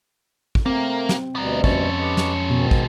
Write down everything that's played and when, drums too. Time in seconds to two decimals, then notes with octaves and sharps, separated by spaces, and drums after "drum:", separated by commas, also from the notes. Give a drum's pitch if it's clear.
0.55 drum: kick
0.66 A3 A#3 C4 A#4
1.09 drum: snare
1.36 D2 B2 G3 B3 A#4
1.64 F2 G#3 C#4 A4 C#6, drum: kick
1.99 G4 B4 D#5
2.17 drum: snare
2.50 G#2 B2 D#3
2.71 drum: kick